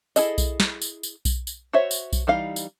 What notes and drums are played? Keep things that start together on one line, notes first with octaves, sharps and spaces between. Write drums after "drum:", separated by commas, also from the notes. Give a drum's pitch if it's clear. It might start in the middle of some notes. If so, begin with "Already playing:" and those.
E4 G#4 A4 D#5, drum: tambourine
drum: kick B1, tambourine
drum: snare
drum: tambourine
drum: tambourine
drum: kick B1, tambourine
drum: tambourine
F#4 C5 C#5 E5
drum: tambourine
drum: kick B1, tambourine
E3 G3 D#4 F5
drum: tambourine